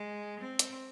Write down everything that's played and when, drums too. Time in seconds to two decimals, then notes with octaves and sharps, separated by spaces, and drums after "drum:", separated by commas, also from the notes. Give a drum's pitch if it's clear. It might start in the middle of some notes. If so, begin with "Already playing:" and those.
Already playing: G#3
0.41 C4
0.59 drum: hi-hat